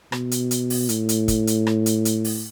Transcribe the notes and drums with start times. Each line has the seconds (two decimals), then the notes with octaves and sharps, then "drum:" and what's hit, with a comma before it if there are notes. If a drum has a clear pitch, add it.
0.12 B2, drum: rim click
0.31 drum: hi-hat
0.51 drum: hi-hat
0.70 drum: open hi-hat
0.89 A2, drum: hi-hat
1.09 drum: hi-hat
1.28 drum: kick, hi-hat
1.47 drum: hi-hat
1.67 drum: rim click
1.86 drum: hi-hat
2.05 drum: hi-hat
2.25 drum: open hi-hat